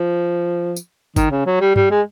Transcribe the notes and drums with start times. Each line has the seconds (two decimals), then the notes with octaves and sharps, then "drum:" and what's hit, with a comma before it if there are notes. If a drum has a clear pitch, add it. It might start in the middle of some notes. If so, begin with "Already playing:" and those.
Already playing: F3
0.76 drum: tambourine
1.16 D#3, drum: kick, tambourine
1.31 C#3
1.46 F#3
1.61 G3
1.76 G3, drum: tom G2
1.91 G#3